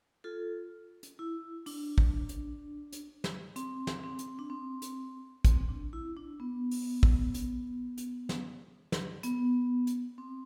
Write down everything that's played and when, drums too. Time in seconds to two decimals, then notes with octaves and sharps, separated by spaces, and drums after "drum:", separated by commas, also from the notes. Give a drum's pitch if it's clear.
0.24 F4 A4
1.03 drum: hi-hat
1.19 E4
1.66 D4, drum: open hi-hat
1.98 drum: kick
2.29 drum: hi-hat
2.92 drum: hi-hat
3.24 drum: snare
3.56 C4, drum: hi-hat
3.87 drum: snare
4.03 C4
4.19 drum: hi-hat
4.39 D4
4.50 C4
4.82 drum: hi-hat
5.45 C4, drum: kick, hi-hat
5.68 D4
5.93 E4
6.17 D4
6.40 B3
6.71 drum: open hi-hat
7.03 drum: kick
7.34 drum: hi-hat
7.98 drum: hi-hat
8.29 drum: snare
8.92 drum: snare
9.23 B3, drum: hi-hat
9.87 drum: hi-hat
10.18 C4